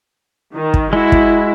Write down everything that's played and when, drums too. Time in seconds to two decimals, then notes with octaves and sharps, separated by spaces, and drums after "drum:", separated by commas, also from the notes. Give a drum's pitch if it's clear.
0.54 D#3
0.74 drum: kick
0.93 G#3 E4 F#4
1.12 drum: kick